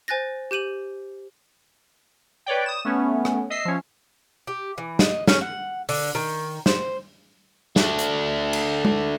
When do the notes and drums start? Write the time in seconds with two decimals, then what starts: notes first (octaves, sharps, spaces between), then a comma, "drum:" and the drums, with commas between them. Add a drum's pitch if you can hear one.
0.08 C5 G#5 F#6 A6 A#6
0.51 G4 G6 D#7 F#7
2.46 B4 C#5 D5 G5
2.66 D#6 E7
2.85 A3 B3 C#4
3.25 drum: rim click
3.50 D#5 E5 E6 C7
3.65 F3 C#4
4.47 G4
4.78 E3
4.99 D#5, drum: snare
5.28 C#4, drum: snare
5.41 F#5
5.89 D3, drum: open hi-hat
6.15 D#3
6.66 C5, drum: snare
7.76 A3 D4, drum: snare
7.99 drum: hi-hat
8.53 drum: cymbal
8.85 drum: tom G#3